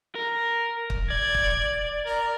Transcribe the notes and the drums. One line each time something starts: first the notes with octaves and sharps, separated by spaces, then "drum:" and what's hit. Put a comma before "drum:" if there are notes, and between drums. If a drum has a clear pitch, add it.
A#4
drum: kick
D5 G#6
drum: kick
A#4